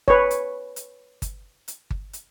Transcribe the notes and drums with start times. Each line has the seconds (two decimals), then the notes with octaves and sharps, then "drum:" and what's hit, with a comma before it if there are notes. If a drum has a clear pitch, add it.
0.08 B4 C#5, drum: kick G1
0.31 drum: hi-hat
0.76 drum: hi-hat
1.22 drum: kick G1, hi-hat
1.68 drum: hi-hat
1.91 drum: kick G1
2.13 drum: hi-hat